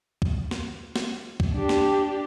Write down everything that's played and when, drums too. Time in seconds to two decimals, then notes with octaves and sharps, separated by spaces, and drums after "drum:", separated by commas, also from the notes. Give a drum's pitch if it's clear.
0.22 drum: kick
0.51 drum: snare
0.96 drum: snare
1.40 drum: kick
1.55 D4 G4
1.69 drum: snare